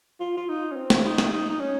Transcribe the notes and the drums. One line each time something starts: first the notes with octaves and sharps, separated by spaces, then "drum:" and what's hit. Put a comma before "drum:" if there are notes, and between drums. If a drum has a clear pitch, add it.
F4
F4
D#4
C#4
C4
drum: snare
D#4
drum: snare
D#4
D#4
C#4